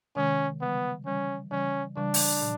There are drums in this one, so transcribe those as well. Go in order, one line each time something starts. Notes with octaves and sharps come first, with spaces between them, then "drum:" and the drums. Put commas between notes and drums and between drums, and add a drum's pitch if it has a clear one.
C3 D#3 G#3 C#4
C#3 E3 G3 B3
C#3 E3 G3 C#4
C#3 E3 G3 C#4
C#3 E3 G3 D4
drum: open hi-hat
A#2 F3